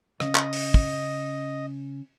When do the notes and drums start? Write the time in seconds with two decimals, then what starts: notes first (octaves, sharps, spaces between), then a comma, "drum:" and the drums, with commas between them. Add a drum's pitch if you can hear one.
0.20 C#3 C#4 D#5, drum: rim click
0.35 drum: clap
0.53 drum: open hi-hat
0.74 drum: kick